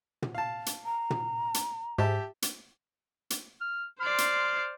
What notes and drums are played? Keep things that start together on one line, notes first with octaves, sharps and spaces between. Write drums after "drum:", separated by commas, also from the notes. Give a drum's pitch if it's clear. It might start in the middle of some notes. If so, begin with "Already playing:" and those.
drum: tom
F5 A5
drum: hi-hat
A#5
drum: tom
drum: hi-hat
G#2 G4 E5 A5
drum: hi-hat
drum: hi-hat
F6
C5 D5 C6 F6
drum: hi-hat